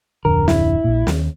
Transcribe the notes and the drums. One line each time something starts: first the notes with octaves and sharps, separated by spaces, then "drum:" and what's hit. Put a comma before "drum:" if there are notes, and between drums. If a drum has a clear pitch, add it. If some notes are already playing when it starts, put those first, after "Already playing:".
D1 F2 D3 A#4
E4, drum: snare
A#1 A#2
D#2, drum: snare